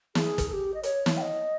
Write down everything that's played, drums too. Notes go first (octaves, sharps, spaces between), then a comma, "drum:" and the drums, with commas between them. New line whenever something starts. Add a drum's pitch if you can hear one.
G#4, drum: snare
drum: kick, hi-hat
A4
G4
D#5
C#5, drum: hi-hat
drum: snare
G5
D#5